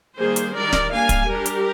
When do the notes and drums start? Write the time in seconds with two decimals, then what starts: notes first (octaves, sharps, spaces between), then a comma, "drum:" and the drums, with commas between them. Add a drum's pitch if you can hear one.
0.18 D#3 G3 A#3 G#4 C5
0.36 drum: hi-hat
0.54 D#3 G3 D4 A#4 D5
0.73 drum: snare
0.91 G3 A#3 D4 F5 G#5
1.09 drum: kick, hi-hat
1.27 G3 D4 G4 A#4
1.46 drum: hi-hat